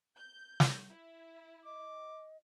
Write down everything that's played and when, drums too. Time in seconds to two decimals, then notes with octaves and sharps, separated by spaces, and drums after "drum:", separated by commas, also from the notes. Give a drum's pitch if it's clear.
0.17 G6
0.60 drum: snare
0.89 E4
1.65 D#5 D6